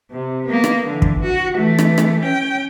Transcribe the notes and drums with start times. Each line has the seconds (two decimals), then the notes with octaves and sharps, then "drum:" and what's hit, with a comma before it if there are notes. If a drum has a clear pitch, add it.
0.11 C3
0.45 A#3 B3
0.64 drum: rim click
0.87 D3 E3
1.02 drum: kick
1.21 F#4
1.54 E3 A3
1.78 drum: rim click
1.98 drum: rim click
2.21 C#4 G5